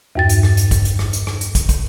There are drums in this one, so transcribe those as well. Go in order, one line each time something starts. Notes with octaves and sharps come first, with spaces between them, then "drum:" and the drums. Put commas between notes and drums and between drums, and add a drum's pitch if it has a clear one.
E2 G2 A6
drum: hi-hat
drum: rim click
drum: hi-hat
drum: kick, hi-hat
drum: hi-hat
drum: rim click
drum: hi-hat
drum: rim click
drum: hi-hat
drum: kick, hi-hat
drum: kick, hi-hat